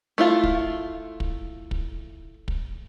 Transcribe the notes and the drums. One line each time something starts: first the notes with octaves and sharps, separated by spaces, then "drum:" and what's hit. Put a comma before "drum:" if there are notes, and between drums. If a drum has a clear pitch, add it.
A3 E4 F4
drum: kick
drum: kick
drum: kick
drum: kick